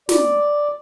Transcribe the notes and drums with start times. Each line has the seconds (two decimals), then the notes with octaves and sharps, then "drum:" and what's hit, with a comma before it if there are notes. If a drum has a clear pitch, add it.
0.09 D5, drum: snare